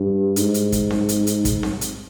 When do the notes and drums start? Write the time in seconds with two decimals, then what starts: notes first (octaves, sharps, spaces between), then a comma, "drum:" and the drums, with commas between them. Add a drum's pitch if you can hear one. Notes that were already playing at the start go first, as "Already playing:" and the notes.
Already playing: G2
0.36 G#2, drum: hi-hat
0.54 drum: hi-hat
0.72 drum: kick, hi-hat
0.90 drum: snare C4
1.09 drum: hi-hat
1.27 drum: hi-hat
1.45 drum: kick, hi-hat
1.63 drum: snare C4
1.81 drum: hi-hat